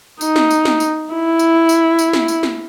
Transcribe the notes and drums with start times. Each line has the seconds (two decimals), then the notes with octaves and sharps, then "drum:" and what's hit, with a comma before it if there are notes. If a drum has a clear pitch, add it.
0.21 D#4, drum: tambourine
0.36 drum: snare
0.50 drum: tambourine
0.65 drum: snare
0.80 drum: tambourine
1.14 E4
1.39 drum: tambourine
1.69 drum: tambourine
1.99 drum: tambourine
2.13 drum: snare
2.28 drum: tambourine
2.43 drum: snare